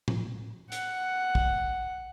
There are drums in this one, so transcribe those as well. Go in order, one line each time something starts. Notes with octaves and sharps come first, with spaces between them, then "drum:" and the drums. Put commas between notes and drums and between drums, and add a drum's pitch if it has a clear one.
drum: tom A2
F#5, drum: hi-hat
drum: kick